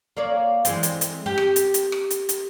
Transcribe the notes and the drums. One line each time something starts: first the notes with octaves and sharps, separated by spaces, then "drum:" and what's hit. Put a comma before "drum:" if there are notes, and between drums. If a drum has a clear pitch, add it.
A#3 C#5 D5
E3 G#3 C4, drum: hi-hat
drum: hi-hat
drum: hi-hat
G4
drum: rim click
drum: hi-hat
drum: hi-hat
drum: rim click
drum: hi-hat
drum: hi-hat